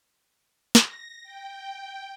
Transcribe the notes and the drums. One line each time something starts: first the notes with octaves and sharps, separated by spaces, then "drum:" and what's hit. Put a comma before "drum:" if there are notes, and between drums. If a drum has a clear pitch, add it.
A#6, drum: snare
G5